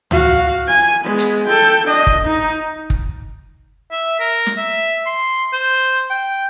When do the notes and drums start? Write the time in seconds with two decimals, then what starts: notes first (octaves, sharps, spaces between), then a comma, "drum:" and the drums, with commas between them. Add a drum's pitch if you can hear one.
0.11 F#4 F5, drum: tom C#2
0.68 G#5
1.04 G#3 B3
1.18 drum: hi-hat
1.47 A4 G5
1.87 D4 D#5
2.07 drum: kick
2.24 D#4
2.90 drum: kick
3.92 E5
4.20 A#4
4.46 drum: snare
4.57 E5
5.06 C6
5.53 C5
6.10 G5